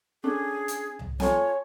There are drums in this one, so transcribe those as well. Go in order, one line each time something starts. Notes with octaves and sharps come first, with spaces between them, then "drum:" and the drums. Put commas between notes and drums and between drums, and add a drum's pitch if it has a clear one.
C#4 D4 G#4 A4
drum: hi-hat
drum: tom C2
F4 A4 C#5 G#5, drum: snare